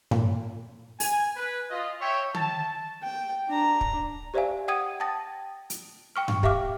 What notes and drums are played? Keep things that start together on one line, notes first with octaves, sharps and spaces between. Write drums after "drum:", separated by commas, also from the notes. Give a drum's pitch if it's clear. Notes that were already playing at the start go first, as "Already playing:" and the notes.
A#2, drum: tom G2
G#5, drum: open hi-hat
B4
F4 D#5
C#5 E5 G5
A5, drum: tom
G5
D4 A#5
drum: kick
G4 C5 D5 E5 F5 G#5
F#5 G5 D#6 G#6 D#7
G5 A5 D#6 A6 A#6
drum: hi-hat
G5 C#6 F6
drum: tom G2
G4 E5 F5 D6 F6, drum: kick